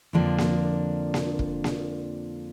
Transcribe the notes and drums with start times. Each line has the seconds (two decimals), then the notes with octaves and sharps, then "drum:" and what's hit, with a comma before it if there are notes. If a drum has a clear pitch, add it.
0.13 F2 D3 F3 A#3 D4
0.38 drum: snare A#3
1.14 drum: snare A#3
1.39 drum: kick
1.64 drum: snare A#3